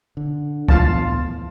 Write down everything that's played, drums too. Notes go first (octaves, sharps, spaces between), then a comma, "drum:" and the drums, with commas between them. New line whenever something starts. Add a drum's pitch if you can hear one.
D3
E2 A2 F4 F5 A5, drum: kick C#2